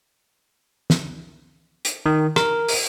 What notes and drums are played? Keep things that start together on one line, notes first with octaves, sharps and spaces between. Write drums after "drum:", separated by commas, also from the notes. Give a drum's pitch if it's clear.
drum: snare
drum: hi-hat
D#3
A#4, drum: rim click
drum: open hi-hat